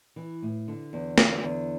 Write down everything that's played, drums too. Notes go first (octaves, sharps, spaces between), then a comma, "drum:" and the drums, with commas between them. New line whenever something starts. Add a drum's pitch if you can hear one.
E3
A2
D3
E2
D3, drum: snare
E2